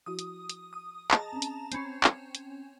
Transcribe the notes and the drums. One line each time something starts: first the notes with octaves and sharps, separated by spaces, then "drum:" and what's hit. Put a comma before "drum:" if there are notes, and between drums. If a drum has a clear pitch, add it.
F3 E4 F#4 D#6
drum: hi-hat
drum: hi-hat
D#6
G#4 D#5 A5 A#5, drum: clap
C4 C#4
drum: hi-hat
C4 C#4 G#5 B5 C#6, drum: hi-hat
drum: clap
drum: hi-hat